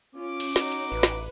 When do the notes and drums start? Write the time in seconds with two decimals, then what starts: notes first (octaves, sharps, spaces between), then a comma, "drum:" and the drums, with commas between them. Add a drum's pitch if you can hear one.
0.16 C#4 F4 D6
0.40 drum: cymbal
0.56 D#4 F#4, drum: snare
0.72 drum: cymbal
0.92 A1 B4
1.03 drum: snare